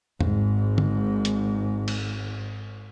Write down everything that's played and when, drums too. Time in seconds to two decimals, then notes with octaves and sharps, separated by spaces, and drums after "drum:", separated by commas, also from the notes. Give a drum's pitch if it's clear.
0.21 G#1 G#2, drum: tom E2
0.78 drum: tom D3
1.25 drum: hi-hat
1.88 drum: cymbal